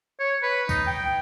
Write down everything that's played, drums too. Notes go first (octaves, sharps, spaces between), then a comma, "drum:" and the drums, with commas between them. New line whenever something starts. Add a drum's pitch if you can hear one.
C#5
B4
D#4, drum: kick C2, tambourine
G5